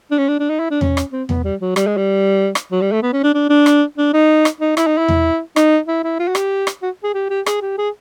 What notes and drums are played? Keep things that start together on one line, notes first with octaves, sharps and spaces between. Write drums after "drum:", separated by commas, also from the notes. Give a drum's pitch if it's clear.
D4
C#4
D4
D4
D#4
E4
D4
C#4, drum: tom E2
drum: rim click
C4
B3, drum: tom E2
G3
F#3
G3, drum: rim click
G#3
G3
drum: rim click
F#3
G3
A3
B3
C#4
D4
D4
D4
drum: rim click
D4
D#4
drum: rim click
D#4
E4, drum: rim click
D#4
E4
drum: tom E2
D#4, drum: rim click
E4
E4
F4
F#4
G4, drum: rim click
drum: rim click
F#4
G#4
G4
G4
G#4, drum: rim click
G4
G#4